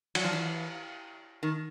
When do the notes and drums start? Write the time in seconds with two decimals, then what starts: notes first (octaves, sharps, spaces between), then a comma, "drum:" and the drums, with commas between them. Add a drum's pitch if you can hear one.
0.15 F#3, drum: cymbal
0.24 F3
0.33 E3
1.43 D#3